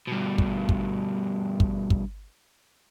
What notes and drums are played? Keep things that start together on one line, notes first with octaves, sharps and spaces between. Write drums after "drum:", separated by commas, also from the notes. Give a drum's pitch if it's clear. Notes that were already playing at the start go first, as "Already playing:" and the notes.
G2 B2
drum: kick
drum: kick
drum: kick
drum: kick